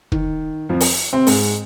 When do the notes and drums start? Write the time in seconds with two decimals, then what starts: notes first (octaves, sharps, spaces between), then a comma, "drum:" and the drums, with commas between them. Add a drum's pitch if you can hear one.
0.12 D#3, drum: kick
0.69 F2 F3
0.80 drum: open hi-hat
1.13 C3 C4
1.27 G#2 G#3, drum: open hi-hat